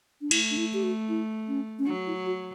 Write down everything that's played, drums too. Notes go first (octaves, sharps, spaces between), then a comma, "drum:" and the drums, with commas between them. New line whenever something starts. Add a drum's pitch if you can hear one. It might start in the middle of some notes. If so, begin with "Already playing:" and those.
D4
A3 E4, drum: cymbal
D4
E4
G4
F#4
E4
C#4
C#4
F#3 D4
E4
F#4